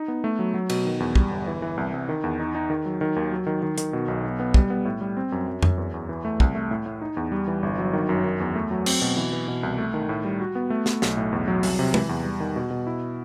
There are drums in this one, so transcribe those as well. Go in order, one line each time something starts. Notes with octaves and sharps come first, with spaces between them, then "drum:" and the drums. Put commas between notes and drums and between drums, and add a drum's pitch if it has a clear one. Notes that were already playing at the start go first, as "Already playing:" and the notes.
Already playing: D#4
B3
A3
F#3
F#3
B2, drum: cymbal
D#3
E2
G3, drum: kick
G1
E3
E3
C2
C2
D#3
E2
D#4
D#4
D#3
F#3
D#3
D#2
F#3
D#3
D#3
D#3, drum: hi-hat
B2
B1
B3
B3
G3, drum: kick
B3
A2
G3
C4
F#2
F#2
F#2, drum: tom F2
E2
E2
E3
A3
C2, drum: kick
A3
A2
A2
D#4
E2
G3
E3
G1
F#3
D#3
F#2
D#3
E2
A3
F#3
C4, drum: cymbal
B2
E3
E3
B2
C2
A3
D#3
A2
G3
F#4
B3
A3
A3, drum: snare
B1, drum: snare
A2
E2
F#3
C2, drum: open hi-hat
C3
E3, drum: tom
E2
G3
D#3
B2
B2
E4